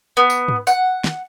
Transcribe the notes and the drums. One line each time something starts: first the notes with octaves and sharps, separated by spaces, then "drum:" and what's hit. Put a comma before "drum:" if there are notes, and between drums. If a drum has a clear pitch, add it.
B3
drum: tambourine
drum: tom
F#5, drum: tambourine
drum: snare